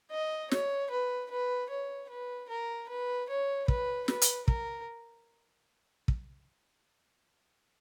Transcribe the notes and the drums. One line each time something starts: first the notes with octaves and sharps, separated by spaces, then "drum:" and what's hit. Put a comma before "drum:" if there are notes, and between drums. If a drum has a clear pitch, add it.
D#5
C#5, drum: snare
B4
B4
C#5
B4
A#4
B4
C#5
B4, drum: kick
B4, drum: snare
drum: hi-hat
A#4, drum: kick
drum: kick